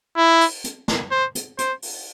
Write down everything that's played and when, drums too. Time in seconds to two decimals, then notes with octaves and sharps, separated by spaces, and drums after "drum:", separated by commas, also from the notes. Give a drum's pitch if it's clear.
0.17 E4
0.41 drum: open hi-hat
0.64 drum: hi-hat
0.88 drum: snare
1.12 C5
1.35 drum: hi-hat
1.59 C5, drum: hi-hat
1.82 drum: open hi-hat